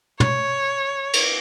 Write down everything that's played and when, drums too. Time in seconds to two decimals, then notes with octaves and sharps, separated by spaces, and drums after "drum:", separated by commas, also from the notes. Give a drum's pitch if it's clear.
0.20 C#5, drum: tom
1.13 drum: cymbal